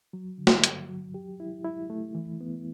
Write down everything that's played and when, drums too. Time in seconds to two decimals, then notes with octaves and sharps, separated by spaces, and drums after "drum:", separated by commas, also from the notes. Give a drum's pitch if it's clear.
0.13 F#3
0.38 D3
0.47 drum: snare
0.64 G2, drum: hi-hat
0.89 F#3
1.14 G4
1.40 E4
1.64 E4
1.90 A3
2.15 E3
2.41 B3